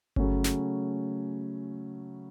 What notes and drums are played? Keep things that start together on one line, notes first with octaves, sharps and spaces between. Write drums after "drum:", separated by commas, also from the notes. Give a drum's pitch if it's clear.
C#3 F#3 A3 C#4, drum: kick G1
drum: snare